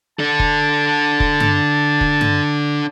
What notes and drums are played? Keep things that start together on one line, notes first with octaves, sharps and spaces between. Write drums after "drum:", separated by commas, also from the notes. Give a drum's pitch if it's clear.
D4 A4 A5
drum: kick
drum: kick
drum: tom G2
drum: kick
drum: tom G2